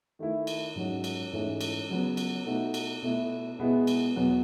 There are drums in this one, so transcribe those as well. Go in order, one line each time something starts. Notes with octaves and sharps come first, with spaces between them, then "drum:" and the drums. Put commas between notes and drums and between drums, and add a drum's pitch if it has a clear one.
D#3 A3 E4
drum: cymbal
G#2 F#3 C#4 F#4
drum: cymbal
G#2 E3 A3 C#4
drum: cymbal
C#3 F#3 B3
drum: cymbal
B2 A3 D#4 F#4
drum: cymbal
B2 A3 E4
B2 G#3 B3 E4
drum: cymbal
E2 B2 F#3 B3 F#4